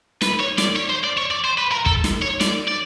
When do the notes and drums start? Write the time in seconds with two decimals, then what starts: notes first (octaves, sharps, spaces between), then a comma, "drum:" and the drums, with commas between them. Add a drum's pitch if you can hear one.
0.22 B4, drum: snare
0.39 C#5
0.58 D5, drum: snare
0.76 C#5
0.90 C5
1.04 D5
1.17 C#5
1.31 D5
1.45 C5
1.58 B4
1.72 A#4
1.86 A4, drum: kick
2.04 drum: snare
2.22 C#5
2.41 D5, drum: snare
2.68 D5